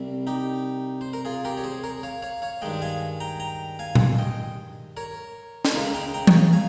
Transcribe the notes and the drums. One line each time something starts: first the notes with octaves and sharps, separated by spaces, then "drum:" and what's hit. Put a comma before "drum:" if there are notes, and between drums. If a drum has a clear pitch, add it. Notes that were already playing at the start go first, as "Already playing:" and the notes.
Already playing: C2 C3 G3
D#4 G4
C5
A#4
F4 G#4
G4 A#4
C#5
G#4 C5
A#4 C#5
C#5 F5
C#5 F5
C#5 F5
G2 D#3 G#3 D#5 G5
F5 G#5
G5 A#5
G5 A#5
F5 G#5
drum: tom A#2
D#5 G5
A#4 C#5
drum: snare
C#2 C#3 G#3 A#4 C#5
G5 A#5
G5 A#5
drum: tom E3
F5 G#5